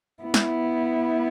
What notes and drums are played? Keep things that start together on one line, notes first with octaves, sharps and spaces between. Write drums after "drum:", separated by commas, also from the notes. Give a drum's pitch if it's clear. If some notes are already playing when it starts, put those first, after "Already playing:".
B3 E4
drum: snare